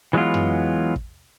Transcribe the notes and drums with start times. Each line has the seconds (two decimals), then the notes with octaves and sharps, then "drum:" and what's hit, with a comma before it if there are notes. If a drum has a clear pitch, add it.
0.13 E3 F#3 G#3 A3 B3 F4
0.34 drum: tom
0.96 drum: kick